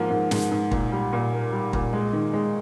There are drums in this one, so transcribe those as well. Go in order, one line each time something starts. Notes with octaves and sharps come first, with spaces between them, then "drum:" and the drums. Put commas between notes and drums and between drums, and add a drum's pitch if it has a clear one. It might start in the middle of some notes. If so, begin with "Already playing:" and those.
Already playing: G#2 F3 A#3
G#2
G#2, drum: snare
G#2
A#2, drum: kick
G3
A#2
A#3
G3
A#2, drum: kick
G#3
D#3
G#3